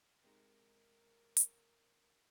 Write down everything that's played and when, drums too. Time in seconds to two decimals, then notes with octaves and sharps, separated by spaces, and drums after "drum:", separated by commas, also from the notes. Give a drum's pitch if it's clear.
0.23 C3 G#3 D#4 A#4
1.37 drum: hi-hat